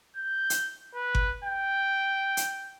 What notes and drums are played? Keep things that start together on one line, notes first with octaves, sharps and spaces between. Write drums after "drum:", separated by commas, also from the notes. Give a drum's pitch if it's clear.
G6
drum: hi-hat
B4
drum: kick G1
G5
drum: hi-hat